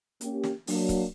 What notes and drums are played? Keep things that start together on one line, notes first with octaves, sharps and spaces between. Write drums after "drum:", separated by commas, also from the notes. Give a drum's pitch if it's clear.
A#3 C#4 G4, drum: hi-hat
drum: snare
F#3 A#3 D4, drum: open hi-hat
drum: kick C#1, hi-hat